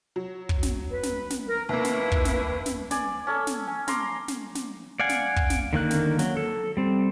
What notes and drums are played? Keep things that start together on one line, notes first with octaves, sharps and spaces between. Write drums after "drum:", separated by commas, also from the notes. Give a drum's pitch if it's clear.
F#3
drum: kick
drum: snare
B4
drum: snare
drum: snare
A#4
D#2 A#3 E4 B4
drum: snare
drum: kick
drum: snare
drum: snare
D5 G#5, drum: snare
C#4 A4
drum: snare
G#5
A#5 C6 D6, drum: snare
drum: snare
drum: snare
D5 F5 F#5 G#5
drum: snare
drum: kick
drum: snare
D3 D#3 A#3 F#6
drum: snare
F#3, drum: snare
A4
G3 C4